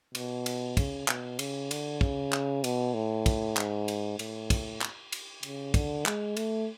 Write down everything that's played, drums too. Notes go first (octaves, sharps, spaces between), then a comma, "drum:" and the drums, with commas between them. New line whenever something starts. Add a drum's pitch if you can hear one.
B2, drum: cymbal
drum: cymbal
C#3, drum: kick, cymbal
B2, drum: clap
C#3, drum: cymbal
D3, drum: cymbal
C#3, drum: kick
drum: clap
B2, drum: cymbal
A2
drum: kick, cymbal
G#2, drum: clap
drum: cymbal
A2, drum: cymbal
drum: kick, cymbal
drum: clap
drum: cymbal
C#3, drum: cymbal
D3, drum: kick, cymbal
G#3, drum: clap
A3, drum: cymbal